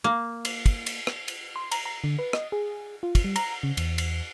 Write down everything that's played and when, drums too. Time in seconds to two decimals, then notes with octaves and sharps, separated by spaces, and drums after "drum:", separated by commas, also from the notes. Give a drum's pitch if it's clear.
0.04 A#3
0.45 drum: cymbal
0.66 drum: kick, cymbal
0.86 drum: cymbal
1.07 drum: rim click
1.28 drum: cymbal
1.56 C6
1.72 A#5, drum: cymbal
1.86 A#5
2.04 D3
2.19 B4
2.33 D#5, drum: rim click
2.52 G#4
3.03 F4
3.15 drum: kick, cymbal
3.24 G3
3.36 A#5, drum: cymbal
3.63 C#3
3.77 E2, drum: cymbal
3.98 drum: cymbal